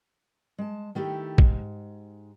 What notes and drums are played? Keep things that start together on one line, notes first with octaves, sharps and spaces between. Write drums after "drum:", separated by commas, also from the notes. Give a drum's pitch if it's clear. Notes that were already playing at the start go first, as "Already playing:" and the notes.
G#3 A5
D#3 A3 E4 G4
G#2, drum: kick